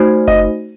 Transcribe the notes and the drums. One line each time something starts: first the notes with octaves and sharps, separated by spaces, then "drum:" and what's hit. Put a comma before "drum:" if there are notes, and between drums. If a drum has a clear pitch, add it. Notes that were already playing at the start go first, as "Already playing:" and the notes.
Already playing: A3 D#4 F#4 C5
D#5, drum: kick F#1